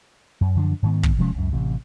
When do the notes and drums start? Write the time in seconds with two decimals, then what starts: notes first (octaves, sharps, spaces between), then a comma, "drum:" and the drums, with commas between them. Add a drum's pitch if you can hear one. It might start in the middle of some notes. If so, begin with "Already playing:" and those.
0.41 F#2
0.55 F#2 D3 F3 D4
0.83 G#2 D#3 B3
1.03 drum: kick
1.18 C3 F3 G#3 C#4
1.34 C#2 F#2
1.53 A1 C3